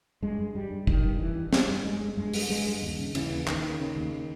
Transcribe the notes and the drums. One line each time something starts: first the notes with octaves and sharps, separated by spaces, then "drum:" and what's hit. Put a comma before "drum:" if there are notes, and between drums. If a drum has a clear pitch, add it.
G2 G#3
G2
G2 G3
G2
G2 D#3, drum: kick
G2
G2 E3
G2
G2 G3, drum: snare
G2
G2 G#3
G2
G2 G#3
G2, drum: open hi-hat
G2 G#3
G2
D#2
C#3
C#3 E3, drum: cymbal
D#2
D#2 D#3, drum: clap
C#3
C#3
D#2